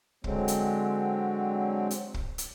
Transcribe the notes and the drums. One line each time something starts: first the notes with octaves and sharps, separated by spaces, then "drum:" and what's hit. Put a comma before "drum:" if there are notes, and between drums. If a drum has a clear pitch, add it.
D3 F#3 G#3 C4, drum: kick
drum: hi-hat
drum: hi-hat
drum: kick
drum: hi-hat